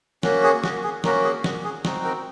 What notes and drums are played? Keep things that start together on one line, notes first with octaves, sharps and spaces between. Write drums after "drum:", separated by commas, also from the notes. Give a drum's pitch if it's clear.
A#3 C#4 F#4, drum: snare
G#4
F#4, drum: snare
G#4
A#3 C#4 F#4 A#4, drum: snare
G#4
F#4, drum: snare
G#4
C4 D#4 F#4, drum: snare
A#4